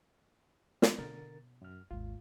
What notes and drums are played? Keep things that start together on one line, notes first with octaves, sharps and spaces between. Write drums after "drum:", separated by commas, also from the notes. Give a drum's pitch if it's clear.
drum: snare
B2 D3 A#4 A6
F#2 F6
G#1 D#2 F4